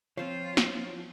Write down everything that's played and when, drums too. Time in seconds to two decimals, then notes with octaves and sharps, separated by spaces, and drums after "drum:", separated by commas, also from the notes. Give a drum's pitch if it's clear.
0.17 F3 C4 F4 C5 C#5 F5
0.57 drum: snare